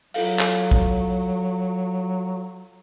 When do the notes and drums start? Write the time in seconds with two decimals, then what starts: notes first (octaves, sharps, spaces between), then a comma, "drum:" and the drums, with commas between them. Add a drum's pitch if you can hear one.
0.14 F#3 F4 A4 F5, drum: open hi-hat
0.39 drum: clap
0.71 drum: kick